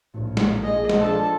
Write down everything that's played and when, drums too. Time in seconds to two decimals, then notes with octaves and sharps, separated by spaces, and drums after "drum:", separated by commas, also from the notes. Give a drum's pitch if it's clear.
0.14 A#1 A2
0.37 drum: snare
0.63 G#4 D#5
0.89 drum: snare
0.99 F3 D4 A4 A5